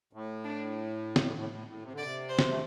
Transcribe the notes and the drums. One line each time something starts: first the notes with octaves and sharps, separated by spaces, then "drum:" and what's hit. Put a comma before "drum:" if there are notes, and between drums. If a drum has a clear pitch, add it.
A2
D4
drum: snare
A2
A2
A2
C3
D3
D5
C3
C5
drum: snare
A3